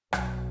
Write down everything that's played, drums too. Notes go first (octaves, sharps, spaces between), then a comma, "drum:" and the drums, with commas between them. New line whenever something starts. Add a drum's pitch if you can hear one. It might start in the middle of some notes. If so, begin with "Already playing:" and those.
B1, drum: rim click